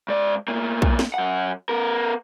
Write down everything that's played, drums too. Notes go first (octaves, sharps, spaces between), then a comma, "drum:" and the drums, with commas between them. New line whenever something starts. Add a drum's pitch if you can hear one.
G#2 D5
A2 A#3
drum: kick
drum: snare
F#2 F#5
B3 A#4